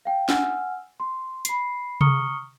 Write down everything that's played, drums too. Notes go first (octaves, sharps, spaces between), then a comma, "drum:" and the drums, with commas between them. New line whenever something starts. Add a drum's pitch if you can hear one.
F5 G5
F#5 G#5 E6 F6, drum: snare
C6
B5 C7, drum: hi-hat
A#5 C#6 D#6 F6 C#7 G7, drum: tom C3